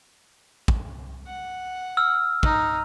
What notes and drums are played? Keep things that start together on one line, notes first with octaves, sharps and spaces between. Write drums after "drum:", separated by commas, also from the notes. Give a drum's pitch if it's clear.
drum: kick
F#5
E6 F6
D#4, drum: kick